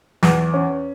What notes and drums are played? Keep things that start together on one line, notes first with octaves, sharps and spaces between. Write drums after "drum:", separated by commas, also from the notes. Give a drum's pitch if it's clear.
E2, drum: snare
C#4